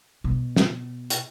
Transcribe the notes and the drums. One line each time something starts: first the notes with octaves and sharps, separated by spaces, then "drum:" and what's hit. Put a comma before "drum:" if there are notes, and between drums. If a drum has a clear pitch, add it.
B2
drum: snare
drum: hi-hat